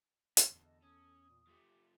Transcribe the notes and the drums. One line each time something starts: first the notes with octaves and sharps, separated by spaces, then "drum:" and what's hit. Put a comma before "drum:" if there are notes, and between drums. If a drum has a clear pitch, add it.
D2 D4, drum: hi-hat
E2 A4
D#5
C#4 D#6
A#2
F3 A3 G4